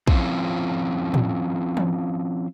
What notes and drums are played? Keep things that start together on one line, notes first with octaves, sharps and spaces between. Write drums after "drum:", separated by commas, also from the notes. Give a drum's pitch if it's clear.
F3 C4 C#4 E4 F4, drum: kick
drum: tom A2
drum: tom E3